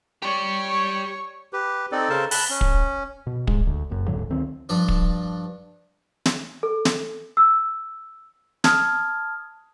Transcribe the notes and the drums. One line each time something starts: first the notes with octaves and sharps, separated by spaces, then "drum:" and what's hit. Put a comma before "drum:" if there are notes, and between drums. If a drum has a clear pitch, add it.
G4 C#5 D5 C#6
G4 B4
C4 D#4 A4 D5
C#3 A4 A#4 C5 A5
A5 B5 F#6, drum: open hi-hat
C#4
drum: kick
B2
G#2 G#3, drum: kick
D2
F#1 F#2
D1 G#2 D3 F#3
D2 D#3 C4
G2 F3 D4
drum: kick
drum: snare
A4
drum: snare
E6
A5 D#6 F6 G#6, drum: snare